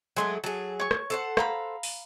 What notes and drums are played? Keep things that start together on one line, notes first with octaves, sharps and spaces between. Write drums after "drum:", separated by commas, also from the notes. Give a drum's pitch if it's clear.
F#3 G#3 A3 G#5 C6
F#3 G#4 A4
C#5 C#6
drum: rim click
A4 C5 F#5
F5 A#5 B5, drum: rim click
drum: open hi-hat